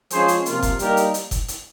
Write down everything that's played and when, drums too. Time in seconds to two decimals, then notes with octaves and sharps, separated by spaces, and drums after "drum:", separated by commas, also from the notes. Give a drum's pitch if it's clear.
0.10 F3 G#3 C#4 F4 G#4 C5, drum: hi-hat
0.28 drum: hi-hat
0.46 C3 F3 A#3 F4, drum: hi-hat
0.62 drum: kick F1, hi-hat
0.79 G3 A#3 D#4 G4 A#4, drum: hi-hat
0.97 drum: hi-hat
1.14 drum: hi-hat
1.31 drum: kick F1, hi-hat
1.48 drum: hi-hat